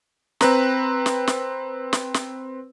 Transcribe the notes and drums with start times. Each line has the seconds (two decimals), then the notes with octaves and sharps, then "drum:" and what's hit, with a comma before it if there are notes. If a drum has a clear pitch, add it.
0.41 C4 B4 A#5, drum: snare
1.06 drum: snare
1.27 drum: snare
1.93 drum: snare
2.14 drum: snare